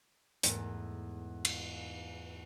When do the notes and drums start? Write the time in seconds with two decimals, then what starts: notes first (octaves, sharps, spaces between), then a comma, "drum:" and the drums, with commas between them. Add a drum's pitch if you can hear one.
0.43 E2 G#2 A3 E4 A#5, drum: hi-hat
1.45 drum: cymbal